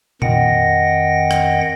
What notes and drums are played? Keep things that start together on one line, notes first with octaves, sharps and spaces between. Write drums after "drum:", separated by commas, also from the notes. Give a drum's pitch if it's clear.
F2 D#3 D#5 F#5 G5 A#6, drum: tom A#2
drum: rim click